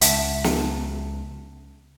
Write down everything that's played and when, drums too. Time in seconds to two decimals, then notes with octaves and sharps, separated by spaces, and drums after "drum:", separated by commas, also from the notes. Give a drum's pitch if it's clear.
0.01 C#2 E5 F#5 A5, drum: hi-hat
0.44 drum: snare